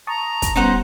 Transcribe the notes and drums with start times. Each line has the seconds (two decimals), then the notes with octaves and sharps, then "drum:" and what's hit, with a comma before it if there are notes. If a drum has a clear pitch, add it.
0.07 A5 A#5 C#6 D#6
0.42 drum: kick, hi-hat
0.56 G3 B3 C#4 D#4 C5 F#5